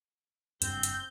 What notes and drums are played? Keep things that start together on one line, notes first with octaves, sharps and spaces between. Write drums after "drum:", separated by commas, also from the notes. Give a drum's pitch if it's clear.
F#1 G2 C4 G6, drum: hi-hat
drum: hi-hat